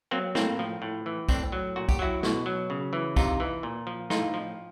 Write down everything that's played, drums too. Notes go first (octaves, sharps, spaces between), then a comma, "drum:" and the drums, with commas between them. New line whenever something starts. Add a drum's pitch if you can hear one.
F#3 A#3 C4
A2 A#3 C4, drum: snare
F3
A2
E3
A2 C4 D4, drum: kick, tambourine
F#3
A#2 F#4
G4, drum: kick, tambourine
F#3 E4 F#4
B2, drum: snare
F#3
C#3
E3
C3 D#4 F4, drum: kick, tambourine
E3
A#2
F3
A2 D#4 F4, drum: snare
F3